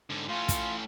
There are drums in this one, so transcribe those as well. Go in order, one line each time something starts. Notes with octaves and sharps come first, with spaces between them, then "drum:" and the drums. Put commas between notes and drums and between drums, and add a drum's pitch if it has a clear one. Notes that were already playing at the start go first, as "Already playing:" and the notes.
G#2 D3
A2 C#4 F4
drum: kick, hi-hat